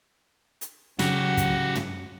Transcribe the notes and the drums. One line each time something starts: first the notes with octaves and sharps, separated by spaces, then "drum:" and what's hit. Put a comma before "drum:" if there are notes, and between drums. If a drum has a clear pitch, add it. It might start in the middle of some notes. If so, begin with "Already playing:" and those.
drum: hi-hat
C#3 F#3 F#4 G4 F#5, drum: snare
drum: kick, hi-hat
drum: tom